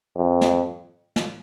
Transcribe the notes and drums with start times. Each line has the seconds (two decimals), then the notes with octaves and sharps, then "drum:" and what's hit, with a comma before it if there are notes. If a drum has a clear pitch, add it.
0.16 F2
0.41 drum: snare
1.16 drum: snare